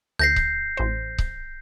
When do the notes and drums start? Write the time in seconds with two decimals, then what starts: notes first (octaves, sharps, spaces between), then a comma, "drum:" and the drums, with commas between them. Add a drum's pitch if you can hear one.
0.19 D2 G6 A#6 C7
0.36 drum: kick C#1
0.77 A1 C5
1.18 drum: kick C#1